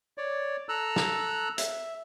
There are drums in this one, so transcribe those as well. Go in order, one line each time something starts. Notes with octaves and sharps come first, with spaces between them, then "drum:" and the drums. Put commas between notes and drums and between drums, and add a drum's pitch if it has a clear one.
C#5 D5
A4 A#5 E6 F#6
drum: snare
E5, drum: hi-hat